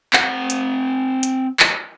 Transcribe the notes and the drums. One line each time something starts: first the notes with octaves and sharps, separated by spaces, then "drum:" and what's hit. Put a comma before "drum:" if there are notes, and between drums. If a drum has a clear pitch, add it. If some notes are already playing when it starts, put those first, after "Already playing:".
C4 F#5, drum: clap
drum: hi-hat
drum: hi-hat
drum: clap